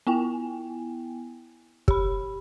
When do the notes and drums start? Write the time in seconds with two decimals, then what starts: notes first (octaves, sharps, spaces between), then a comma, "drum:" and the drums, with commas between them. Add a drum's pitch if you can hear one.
0.07 B3 E4 G5 G#5
1.88 G4 B5, drum: kick